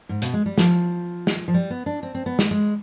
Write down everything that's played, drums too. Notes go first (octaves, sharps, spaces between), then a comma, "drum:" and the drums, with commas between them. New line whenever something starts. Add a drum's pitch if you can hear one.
G#2
B2, drum: hi-hat
G#3
G3
F3, drum: snare
drum: snare
F3
G3
B3
D4
C4
C4
B3
G#3, drum: snare
G#3